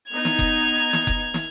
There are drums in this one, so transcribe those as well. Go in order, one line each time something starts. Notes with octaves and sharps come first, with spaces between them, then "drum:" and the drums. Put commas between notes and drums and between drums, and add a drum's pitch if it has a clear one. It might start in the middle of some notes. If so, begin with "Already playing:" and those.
B3 D#4 G#6 F7
drum: snare
drum: kick F#1
drum: snare
drum: kick F#1
drum: snare